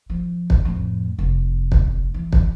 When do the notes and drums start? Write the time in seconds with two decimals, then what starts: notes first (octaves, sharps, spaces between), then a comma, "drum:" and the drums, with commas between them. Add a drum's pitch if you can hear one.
0.10 F3
0.50 drum: kick
0.65 F2 A2
1.18 F1
1.72 drum: kick
2.14 E3
2.33 drum: kick